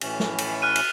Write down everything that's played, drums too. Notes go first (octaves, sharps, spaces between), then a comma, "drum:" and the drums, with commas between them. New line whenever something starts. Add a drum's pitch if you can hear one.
A2 E3 C#4, drum: cymbal
drum: snare
drum: cymbal
F6 F#6 D#7
drum: cymbal